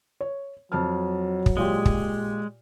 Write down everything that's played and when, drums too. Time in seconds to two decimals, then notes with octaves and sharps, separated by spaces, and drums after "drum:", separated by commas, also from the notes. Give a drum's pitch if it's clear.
0.21 C#5
0.72 F2 F#3 A5 F6
1.46 drum: kick
1.57 A#2 G#3 F4 G4
1.85 drum: kick